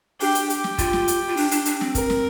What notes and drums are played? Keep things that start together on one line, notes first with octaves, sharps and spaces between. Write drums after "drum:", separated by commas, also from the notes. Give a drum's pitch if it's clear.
D4 G4, drum: open hi-hat
drum: hi-hat
G4, drum: hi-hat
drum: snare
F4, drum: kick, hi-hat
drum: snare
drum: hi-hat
F4
D4, drum: open hi-hat
D4, drum: hi-hat
D4, drum: hi-hat
C4, drum: snare
A#4, drum: kick, hi-hat
drum: snare